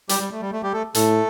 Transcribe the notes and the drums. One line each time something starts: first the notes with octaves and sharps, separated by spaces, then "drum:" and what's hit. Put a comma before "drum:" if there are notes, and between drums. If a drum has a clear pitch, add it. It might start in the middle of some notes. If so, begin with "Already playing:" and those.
G3 G4, drum: hi-hat
G3
A3
G3
A3
G3 G4
A3 A4
A2 A3 A4, drum: hi-hat